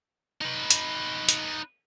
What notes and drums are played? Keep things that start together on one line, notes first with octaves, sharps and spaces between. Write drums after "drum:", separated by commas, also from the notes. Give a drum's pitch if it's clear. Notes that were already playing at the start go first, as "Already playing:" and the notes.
D#4 B4
drum: hi-hat
drum: hi-hat